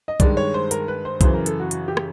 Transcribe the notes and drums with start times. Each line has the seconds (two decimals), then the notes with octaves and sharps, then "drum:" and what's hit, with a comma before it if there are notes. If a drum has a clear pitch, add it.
0.08 D#5
0.20 G2 D#3 G#3 D5, drum: kick, hi-hat
0.37 C#5
0.54 C5
0.71 A#4, drum: hi-hat
0.88 B4
1.05 C5
1.21 F#2 C#3 E3 C5, drum: kick, hi-hat
1.34 A#4
1.46 A4, drum: hi-hat
1.60 F#4
1.71 F#4, drum: hi-hat
1.88 G4
1.97 drum: rim click